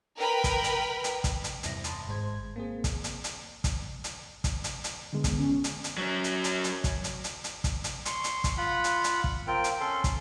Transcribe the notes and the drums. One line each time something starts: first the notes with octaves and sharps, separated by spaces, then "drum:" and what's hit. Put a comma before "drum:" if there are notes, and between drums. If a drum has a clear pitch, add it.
A#4 B4 G5 B5
drum: kick, hi-hat
drum: hi-hat
drum: hi-hat
drum: kick, hi-hat
drum: hi-hat
E2 G2 C3 C4 E4 A#6, drum: hi-hat
A5 B5 C6 D#6 A6, drum: hi-hat
G#1 G#2 G#3 C5 G#6
A#3 C4 G#4
drum: kick, hi-hat
drum: hi-hat
drum: hi-hat
drum: kick, hi-hat
drum: hi-hat
drum: kick, hi-hat
drum: hi-hat
drum: hi-hat
D3 G#3 B3
drum: kick, hi-hat
C#4
drum: hi-hat
drum: hi-hat
F#3 C#4
drum: hi-hat
drum: hi-hat
drum: hi-hat
drum: kick, hi-hat
drum: hi-hat
drum: hi-hat
drum: hi-hat
drum: kick, hi-hat
drum: hi-hat
C6 C#6, drum: hi-hat
drum: hi-hat
drum: kick, hi-hat
F4 F#5 B5
drum: hi-hat
drum: hi-hat
drum: kick
C4 F4 A#4 G5
drum: hi-hat
C#4 A4 C6
drum: kick, hi-hat